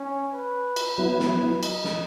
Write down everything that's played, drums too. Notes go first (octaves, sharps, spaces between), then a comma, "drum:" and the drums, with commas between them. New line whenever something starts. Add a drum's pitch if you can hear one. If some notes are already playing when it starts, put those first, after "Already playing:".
Already playing: C#4
B4
drum: cymbal
F#3 B3 E4 B4
drum: snare
D#5, drum: cymbal
drum: snare